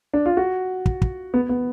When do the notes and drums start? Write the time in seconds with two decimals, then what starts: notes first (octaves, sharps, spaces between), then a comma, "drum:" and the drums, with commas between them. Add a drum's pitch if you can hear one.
0.13 D4
0.26 F4
0.37 F#4
0.86 drum: kick
1.02 drum: kick
1.34 B3
1.49 B3